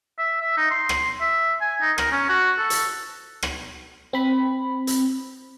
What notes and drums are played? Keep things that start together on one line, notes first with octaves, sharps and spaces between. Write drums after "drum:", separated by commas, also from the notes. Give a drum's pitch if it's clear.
E5
E5
D#4
C6
drum: rim click
E5
G#5
D#4
A#4, drum: rim click
C#4
F#4
A4
drum: hi-hat
drum: rim click
C4 B5
drum: hi-hat